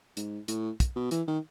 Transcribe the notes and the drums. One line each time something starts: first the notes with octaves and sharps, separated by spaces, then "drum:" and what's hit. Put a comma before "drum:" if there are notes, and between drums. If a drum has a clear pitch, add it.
G#2, drum: hi-hat
A2, drum: hi-hat
drum: kick, hi-hat
B2
E3, drum: hi-hat
D#3